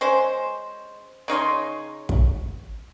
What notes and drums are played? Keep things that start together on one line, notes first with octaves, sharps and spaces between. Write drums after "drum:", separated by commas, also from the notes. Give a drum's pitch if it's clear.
G#3 C#4 C5
C#3 D#4 C#5 C6
drum: kick